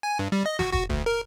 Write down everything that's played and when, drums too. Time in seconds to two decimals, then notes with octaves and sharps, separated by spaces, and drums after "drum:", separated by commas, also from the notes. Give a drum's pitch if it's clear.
0.03 G#5
0.19 G2
0.32 G3
0.46 D#5
0.59 F#4, drum: snare
0.73 F#4, drum: kick
0.90 D2, drum: kick
1.06 A#4